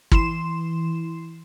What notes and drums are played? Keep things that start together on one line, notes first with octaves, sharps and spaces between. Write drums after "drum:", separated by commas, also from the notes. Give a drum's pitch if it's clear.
E3 C6 E7, drum: kick